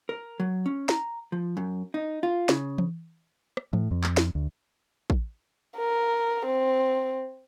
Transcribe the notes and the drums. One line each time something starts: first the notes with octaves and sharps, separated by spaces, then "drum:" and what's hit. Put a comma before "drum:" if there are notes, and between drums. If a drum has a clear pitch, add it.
A#4
F#3
C#4
A#5, drum: snare
F3
F#2
D#4
F4
C#3, drum: snare
drum: tom E3
drum: rim click
A2, drum: tom E3
F2
drum: clap
drum: snare
D2
drum: kick
A#4
C4